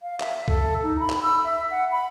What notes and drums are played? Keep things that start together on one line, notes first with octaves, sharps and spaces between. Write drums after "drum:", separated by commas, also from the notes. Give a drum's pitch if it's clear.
F5
E5, drum: clap
A4, drum: kick
D#4
B5
drum: clap
E6
E5
F#5
B5